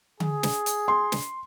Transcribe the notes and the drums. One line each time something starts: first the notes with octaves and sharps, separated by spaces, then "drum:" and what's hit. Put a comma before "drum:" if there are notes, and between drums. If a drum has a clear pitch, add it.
G#4, drum: tom D3
drum: snare
drum: hi-hat
C6
drum: snare